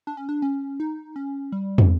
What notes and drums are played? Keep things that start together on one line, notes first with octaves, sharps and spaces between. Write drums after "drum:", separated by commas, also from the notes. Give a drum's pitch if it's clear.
D4
C#4
D4
C#4
D#4
C#4
G3
drum: tom